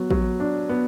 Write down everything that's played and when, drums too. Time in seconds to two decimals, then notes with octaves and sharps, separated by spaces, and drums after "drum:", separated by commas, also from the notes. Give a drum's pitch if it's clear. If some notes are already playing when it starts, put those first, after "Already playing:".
Already playing: F#3 B3
0.10 F#3, drum: kick
0.40 D4
0.69 B3